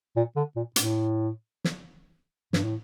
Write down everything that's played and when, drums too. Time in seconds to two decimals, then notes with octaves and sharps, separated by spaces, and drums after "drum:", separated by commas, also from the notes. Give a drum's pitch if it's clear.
0.16 A#2
0.36 D3
0.56 A#2
0.76 A2, drum: hi-hat
1.64 drum: snare
2.53 G2, drum: snare
2.64 A2